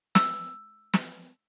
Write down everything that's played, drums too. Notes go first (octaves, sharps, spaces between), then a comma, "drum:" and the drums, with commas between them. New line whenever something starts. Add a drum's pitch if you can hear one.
E6, drum: snare
drum: snare